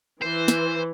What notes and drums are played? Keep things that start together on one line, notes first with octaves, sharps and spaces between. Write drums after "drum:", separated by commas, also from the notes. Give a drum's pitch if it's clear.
E3 C5
drum: snare